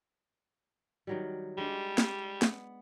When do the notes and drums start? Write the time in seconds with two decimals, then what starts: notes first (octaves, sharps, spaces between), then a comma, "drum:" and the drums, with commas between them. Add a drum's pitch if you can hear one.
1.07 D#3 F#3 G3
1.58 G3 G#3 D4
1.98 drum: snare
2.42 B3, drum: snare